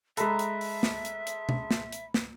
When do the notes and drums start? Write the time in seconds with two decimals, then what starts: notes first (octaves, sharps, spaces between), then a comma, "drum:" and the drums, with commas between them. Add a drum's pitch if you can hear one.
0.17 G#3 A4 B4 E5 A#5, drum: hi-hat
0.39 drum: hi-hat
0.61 drum: open hi-hat
0.83 drum: snare
1.05 drum: hi-hat
1.27 drum: hi-hat
1.49 drum: tom B2
1.71 drum: snare
1.92 drum: hi-hat
2.14 drum: snare